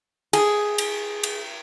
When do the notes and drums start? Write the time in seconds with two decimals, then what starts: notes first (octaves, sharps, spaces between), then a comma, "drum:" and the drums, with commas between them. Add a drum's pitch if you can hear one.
0.33 G#4, drum: cymbal
0.78 drum: cymbal
1.23 drum: cymbal